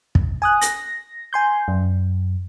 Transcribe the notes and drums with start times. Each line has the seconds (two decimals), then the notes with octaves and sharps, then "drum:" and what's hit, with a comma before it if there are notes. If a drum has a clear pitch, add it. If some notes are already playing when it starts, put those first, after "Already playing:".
0.15 drum: kick
0.42 G#5 D#6 F#6
0.61 A#6, drum: hi-hat
1.33 G#5 C6 G6
1.68 F#2